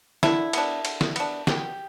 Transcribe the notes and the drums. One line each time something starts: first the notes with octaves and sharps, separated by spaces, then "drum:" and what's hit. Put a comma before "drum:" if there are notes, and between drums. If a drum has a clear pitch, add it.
D3 E4, drum: snare
B3 D4, drum: cymbal
D3, drum: cymbal
drum: snare
B3 D4, drum: cymbal
B2 G4, drum: snare